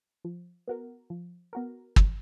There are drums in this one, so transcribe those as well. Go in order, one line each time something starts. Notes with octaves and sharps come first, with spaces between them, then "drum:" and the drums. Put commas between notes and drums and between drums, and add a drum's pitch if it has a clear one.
F3
B3 F#4 A#4
F3
B3 F#4 A#4
F3, drum: kick